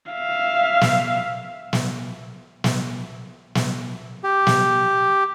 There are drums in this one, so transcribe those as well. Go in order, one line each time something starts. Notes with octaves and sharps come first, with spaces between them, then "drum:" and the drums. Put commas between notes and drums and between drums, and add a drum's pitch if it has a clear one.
E5 F5
drum: snare
drum: snare
drum: snare
drum: snare
G4
drum: snare